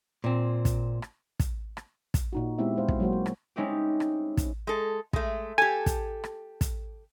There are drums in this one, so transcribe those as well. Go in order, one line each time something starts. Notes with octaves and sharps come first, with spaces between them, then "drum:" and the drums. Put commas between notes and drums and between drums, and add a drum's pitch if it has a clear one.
A#2 C4
drum: kick, hi-hat
drum: rim click
drum: kick, hi-hat
drum: rim click
drum: kick, hi-hat
A#2 D#4 F#4
G#3 B3 C4 E4 G4 E5
G#3 C5 F5
drum: kick
F#3 G#3 A#3 F#4 C5
F#4
drum: rim click
G#3 C4 C#4 D#4 E4 G4
drum: rim click
drum: kick, hi-hat
G#3 A4
G#3 A3, drum: kick
G4 A4 G#5
drum: kick, hi-hat
drum: rim click
drum: kick, hi-hat